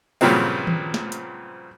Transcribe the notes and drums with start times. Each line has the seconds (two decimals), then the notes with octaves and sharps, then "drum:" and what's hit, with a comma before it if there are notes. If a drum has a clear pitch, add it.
0.21 G2 A#2 C#3 F3 F#3 C4, drum: open hi-hat
0.67 drum: tom D#3
0.94 drum: snare
1.12 drum: hi-hat